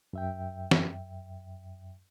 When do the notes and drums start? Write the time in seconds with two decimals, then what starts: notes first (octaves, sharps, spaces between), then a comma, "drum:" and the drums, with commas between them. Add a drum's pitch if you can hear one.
0.13 F#2 E5 G5
0.71 drum: snare